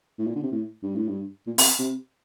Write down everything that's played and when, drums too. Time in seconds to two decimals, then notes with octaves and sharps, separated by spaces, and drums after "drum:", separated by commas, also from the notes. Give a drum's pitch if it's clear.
0.19 A2
0.27 A#2
0.36 D3
0.43 C3
0.52 A2
0.83 G2
0.95 A2
1.08 G2
1.47 A#2
1.58 C3, drum: open hi-hat
1.79 C3